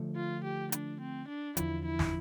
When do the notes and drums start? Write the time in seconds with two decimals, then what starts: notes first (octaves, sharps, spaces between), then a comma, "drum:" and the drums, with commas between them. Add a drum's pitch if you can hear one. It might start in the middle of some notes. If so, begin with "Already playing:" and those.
Already playing: D3 F3 A3
0.16 F4
0.44 G4
0.72 D4, drum: hi-hat
1.01 C4
1.28 D4
1.57 E2 D3 F3 E4, drum: hi-hat
1.85 E4
1.99 drum: snare